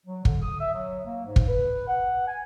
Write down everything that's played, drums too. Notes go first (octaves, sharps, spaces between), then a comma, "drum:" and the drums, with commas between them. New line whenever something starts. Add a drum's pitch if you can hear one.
F#3
D3, drum: kick
D#6
E5
F#3
A#3
G#2
drum: kick
B4
F#5
G#5